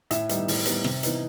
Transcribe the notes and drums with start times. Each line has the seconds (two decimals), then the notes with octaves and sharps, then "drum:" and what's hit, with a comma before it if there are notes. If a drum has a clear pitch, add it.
0.11 A2 E5, drum: hi-hat
0.29 G3 B3 D#4, drum: hi-hat
0.48 A2, drum: open hi-hat
0.65 G3 B3 D#4, drum: hi-hat
0.84 C3, drum: rim click
1.03 E3 B3 D#4, drum: hi-hat